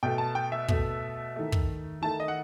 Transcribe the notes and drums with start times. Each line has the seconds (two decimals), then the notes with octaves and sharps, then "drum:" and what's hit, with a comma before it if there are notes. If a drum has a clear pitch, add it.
0.03 B2 A3 G5
0.18 A5
0.35 G5
0.52 E5
0.68 B2 A3, drum: kick
1.36 D#3 A3
1.52 drum: kick
2.02 D#3 A3 A5
2.20 D#5
2.28 F#5